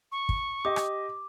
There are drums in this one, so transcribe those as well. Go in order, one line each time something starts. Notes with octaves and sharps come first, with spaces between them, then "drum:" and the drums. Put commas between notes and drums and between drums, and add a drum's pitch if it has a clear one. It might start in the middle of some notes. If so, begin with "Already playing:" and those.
C#6
drum: kick
G4 D#5 D6
drum: rim click